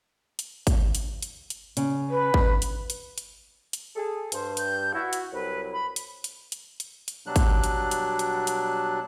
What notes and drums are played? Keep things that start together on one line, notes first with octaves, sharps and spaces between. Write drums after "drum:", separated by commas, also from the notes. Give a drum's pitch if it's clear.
drum: hi-hat
drum: kick, hi-hat
drum: hi-hat
drum: hi-hat
drum: hi-hat
C#3, drum: hi-hat
B4
drum: kick
drum: hi-hat
drum: hi-hat
drum: hi-hat
drum: hi-hat
G#4 A4
G2 C5, drum: hi-hat
G6, drum: hi-hat
E4 F#4
drum: hi-hat
C2 F#3 B4
B5
drum: hi-hat
drum: hi-hat
drum: hi-hat
drum: hi-hat
drum: hi-hat
B2 F#3 G3 D4 F#6
drum: kick, hi-hat
drum: hi-hat
drum: hi-hat
drum: hi-hat
drum: hi-hat